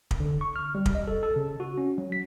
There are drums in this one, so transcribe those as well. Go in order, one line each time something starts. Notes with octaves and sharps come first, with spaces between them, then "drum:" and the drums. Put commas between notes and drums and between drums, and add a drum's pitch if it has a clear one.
drum: kick
D3
C#6
F6
G3
drum: kick
D#5
A4
A4
C#3
F#4
C#4
F#3
B6